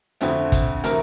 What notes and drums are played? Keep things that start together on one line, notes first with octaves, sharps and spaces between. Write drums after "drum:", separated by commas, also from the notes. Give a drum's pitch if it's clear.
F2 D3 A3 C4, drum: hi-hat
drum: kick, hi-hat
C3 E3 A3 A#4, drum: hi-hat